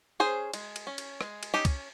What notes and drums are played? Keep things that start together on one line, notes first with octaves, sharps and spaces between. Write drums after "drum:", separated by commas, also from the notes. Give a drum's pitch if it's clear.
C#4 G#4 C5
G#3, drum: cymbal
drum: cymbal
C#4
drum: cymbal
G#3, drum: rim click
drum: cymbal
C#4 D#4 G4
drum: kick, cymbal